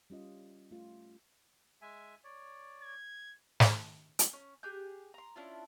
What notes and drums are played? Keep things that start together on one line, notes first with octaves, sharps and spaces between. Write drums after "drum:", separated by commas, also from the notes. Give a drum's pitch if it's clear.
G3 C#4 F4 D#5
A3 F4
G#3 E5 G#5
C#5 D5
G#6
drum: snare
drum: hi-hat
C#4
G4 G#4 F#6 G6
A#5 C6
C#4 D4 E4 F4